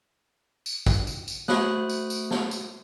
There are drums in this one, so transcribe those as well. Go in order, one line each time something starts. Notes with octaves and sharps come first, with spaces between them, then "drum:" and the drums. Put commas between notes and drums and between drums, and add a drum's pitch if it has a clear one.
drum: tambourine
drum: kick, tambourine
drum: tambourine
drum: tambourine
A3 F#4 C5 B5 D#6 F#6, drum: snare
drum: tambourine
drum: tambourine
drum: snare
drum: tambourine